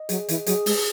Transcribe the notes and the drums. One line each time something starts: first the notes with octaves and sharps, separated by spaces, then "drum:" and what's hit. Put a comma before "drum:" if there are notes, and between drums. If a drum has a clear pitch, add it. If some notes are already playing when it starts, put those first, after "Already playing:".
Already playing: D#5
F#3 G#4, drum: hi-hat
E3, drum: hi-hat
F#3 G#4, drum: hi-hat
G#3, drum: open hi-hat